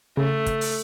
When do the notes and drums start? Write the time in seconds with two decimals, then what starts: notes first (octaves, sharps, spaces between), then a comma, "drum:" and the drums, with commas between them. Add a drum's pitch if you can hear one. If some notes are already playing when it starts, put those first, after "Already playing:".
0.17 C#3 A3
0.46 drum: kick, hi-hat
0.61 drum: open hi-hat